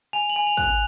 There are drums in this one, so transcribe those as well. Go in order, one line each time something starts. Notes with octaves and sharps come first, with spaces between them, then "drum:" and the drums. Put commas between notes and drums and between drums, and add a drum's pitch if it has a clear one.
G#5 F7
F#7
G#5
F7
F#6, drum: kick
F7